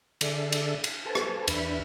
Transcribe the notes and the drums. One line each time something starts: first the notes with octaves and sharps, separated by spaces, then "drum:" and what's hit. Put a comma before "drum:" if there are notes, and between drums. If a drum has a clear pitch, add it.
D3 G#4 A4 D5 E5, drum: cymbal
drum: cymbal
drum: cymbal
A4 B4 C5 G#5 A5
drum: rim click
E2 D4 B4 E5 B5, drum: cymbal